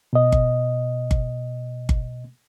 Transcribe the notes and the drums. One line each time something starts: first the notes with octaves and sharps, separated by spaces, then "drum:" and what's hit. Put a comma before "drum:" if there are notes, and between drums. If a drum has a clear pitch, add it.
B2 D#5
drum: kick G1
drum: kick G1
drum: kick G1